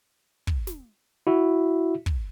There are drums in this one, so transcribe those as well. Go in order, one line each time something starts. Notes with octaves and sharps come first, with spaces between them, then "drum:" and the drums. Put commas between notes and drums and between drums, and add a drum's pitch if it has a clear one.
drum: kick
drum: snare
E4 F#4 E5
drum: kick